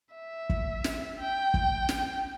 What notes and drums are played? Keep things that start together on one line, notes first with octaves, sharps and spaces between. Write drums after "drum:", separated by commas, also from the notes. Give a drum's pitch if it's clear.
E5
drum: kick
drum: snare
G5
drum: kick
drum: snare